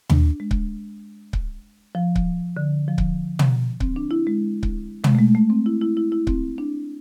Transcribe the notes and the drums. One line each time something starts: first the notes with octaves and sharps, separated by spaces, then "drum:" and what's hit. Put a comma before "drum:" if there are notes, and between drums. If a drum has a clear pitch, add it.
D4, drum: tom D#2
G#3
drum: kick C#1
drum: kick C#1
F3
drum: kick C#1
D3
F3
drum: kick C#1
drum: tom
C4, drum: kick C#1
D4
E4
G#3
drum: kick C#1
G#3, drum: tom
A3
G#3
A3
C4
E4
E4
E4
E4
C4, drum: kick C#1
D4